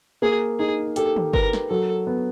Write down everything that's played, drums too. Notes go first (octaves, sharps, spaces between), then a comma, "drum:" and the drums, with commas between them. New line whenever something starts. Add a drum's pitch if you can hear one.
A#3 G#4
D#4 G#4
G4 A4, drum: hi-hat
drum: tom
A#4 B4, drum: kick G1
drum: snare
F#3 A4
B3